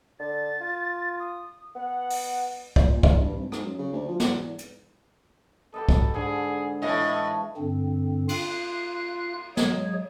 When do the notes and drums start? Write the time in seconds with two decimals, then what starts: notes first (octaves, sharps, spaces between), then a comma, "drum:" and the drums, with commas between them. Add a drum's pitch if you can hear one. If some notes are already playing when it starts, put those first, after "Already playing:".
0.20 D3 A6
0.61 F4
1.20 D#6
1.75 B3 F#5
2.10 drum: open hi-hat
2.76 E2, drum: kick
2.91 A#2
3.03 E2, drum: kick
3.20 G2
3.36 G#1
3.52 G#2, drum: rim click
3.65 F#2
3.79 C#3
3.93 D2
4.08 F3
4.20 E2, drum: snare
4.38 E2
4.59 drum: hi-hat
5.74 G4 A4 B4 D#5
5.89 drum: kick
6.14 G#2 D3 G#4
6.82 A2 E3 B4 D#5 F5
7.57 G2 D3 C4
8.29 F4 F5 F#6, drum: cymbal
9.57 F#3 G#3 G#4 C#5, drum: snare